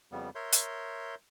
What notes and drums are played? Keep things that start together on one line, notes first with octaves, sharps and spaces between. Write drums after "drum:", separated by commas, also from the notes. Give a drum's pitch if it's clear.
F2 C#3 G3 B3
A#4 C#5 E5 C6 G6
drum: hi-hat